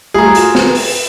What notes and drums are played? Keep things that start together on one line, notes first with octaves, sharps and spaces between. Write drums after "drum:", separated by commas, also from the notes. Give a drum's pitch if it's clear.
G3 A3 F4 G#4 A#5
F4 F#4, drum: hi-hat
drum: snare
B4
drum: open hi-hat